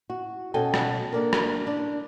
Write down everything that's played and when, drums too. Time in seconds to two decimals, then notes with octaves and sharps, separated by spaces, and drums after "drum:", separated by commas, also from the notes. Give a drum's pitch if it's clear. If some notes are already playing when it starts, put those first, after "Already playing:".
0.10 F#4
0.54 B2 C#4 F#4 A4 G5 G#5
0.74 drum: rim click
1.12 A#3 D4 A#4
1.33 drum: rim click
1.67 D4